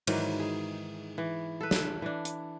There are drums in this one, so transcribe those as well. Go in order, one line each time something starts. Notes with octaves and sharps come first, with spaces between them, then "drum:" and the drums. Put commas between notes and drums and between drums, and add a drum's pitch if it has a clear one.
G#2 D#3 E3 F#3, drum: cymbal
G#4
E3
A4 B4
drum: snare
E3 D4
drum: hi-hat